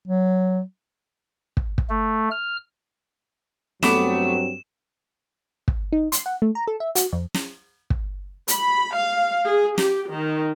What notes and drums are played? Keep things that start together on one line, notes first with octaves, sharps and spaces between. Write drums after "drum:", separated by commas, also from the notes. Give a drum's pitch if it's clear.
F#3
drum: kick
drum: kick
A3
F6
G2 F#3 A3 B3 C4 D6 E7, drum: snare
drum: kick
D#4
C6, drum: hi-hat
F#5
A3
A#5
A4
E5
F#4, drum: hi-hat
F2
drum: snare
drum: kick
B5, drum: hi-hat
F5
G#4
G4, drum: snare
D#3